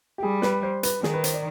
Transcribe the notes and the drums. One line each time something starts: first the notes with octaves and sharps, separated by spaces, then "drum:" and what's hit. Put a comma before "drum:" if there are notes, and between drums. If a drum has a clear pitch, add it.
G4
G3 G#4
B4, drum: snare
C5
B4, drum: hi-hat
D#3 G#4, drum: snare
B4
C5, drum: hi-hat
D5